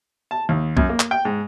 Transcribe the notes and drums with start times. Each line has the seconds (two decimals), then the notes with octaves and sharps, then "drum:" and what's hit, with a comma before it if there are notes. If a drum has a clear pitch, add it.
0.31 A5
0.49 D#2
0.77 F#2, drum: kick B1
0.89 A#3
1.00 drum: clap
1.11 G5
1.25 G#2